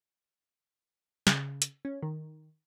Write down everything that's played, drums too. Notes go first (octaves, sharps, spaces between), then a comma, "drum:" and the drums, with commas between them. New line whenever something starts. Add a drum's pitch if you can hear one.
C#3, drum: snare
drum: hi-hat
C#4
D#3